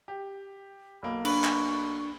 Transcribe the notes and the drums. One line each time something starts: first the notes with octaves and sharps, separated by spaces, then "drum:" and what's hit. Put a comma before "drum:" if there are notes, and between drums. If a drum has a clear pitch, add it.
G4
B1 A#3 B5
D4 B4 C#6, drum: cymbal
drum: clap